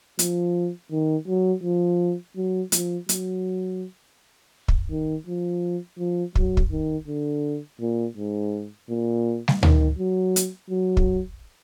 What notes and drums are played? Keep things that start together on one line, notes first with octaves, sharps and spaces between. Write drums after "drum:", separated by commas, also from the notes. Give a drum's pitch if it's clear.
F3, drum: hi-hat
D#3
F#3
F3
F#3
F3, drum: hi-hat
F#3, drum: hi-hat
drum: kick
D#3
F3
F3
F#3, drum: kick
drum: kick
D#3
D3
A#2
G#2
A#2
drum: snare G3
D#3, drum: tom D2
F#3
drum: hi-hat
F#3
drum: kick